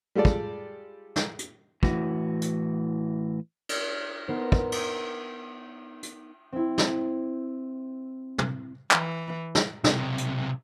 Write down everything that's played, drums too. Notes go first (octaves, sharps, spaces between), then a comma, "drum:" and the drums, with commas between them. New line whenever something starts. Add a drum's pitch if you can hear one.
G3 G#3 F4 A4 D5
drum: kick
drum: snare
drum: hi-hat
A2 E3 F#4, drum: kick
drum: hi-hat
drum: cymbal
B3 D#4 A#4 C5
drum: kick
drum: cymbal
drum: hi-hat
C4 E4
drum: snare
drum: tom
E3, drum: clap
drum: snare
B1 C3, drum: snare
drum: hi-hat